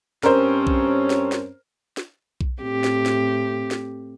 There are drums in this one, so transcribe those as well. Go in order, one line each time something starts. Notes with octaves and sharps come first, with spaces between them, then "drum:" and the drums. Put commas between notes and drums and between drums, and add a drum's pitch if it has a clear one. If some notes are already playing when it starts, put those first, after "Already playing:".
G2 C4 C#4 A#4 C5, drum: snare
drum: kick B1
drum: snare
drum: snare
drum: snare
drum: kick B1
A2 C4 G4
drum: snare
drum: snare
drum: snare